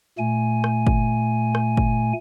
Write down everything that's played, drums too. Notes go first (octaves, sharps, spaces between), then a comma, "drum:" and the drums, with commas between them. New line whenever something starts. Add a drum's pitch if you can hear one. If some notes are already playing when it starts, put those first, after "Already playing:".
A#2 A3 G#5
drum: rim click
drum: kick G1
drum: rim click
drum: kick G1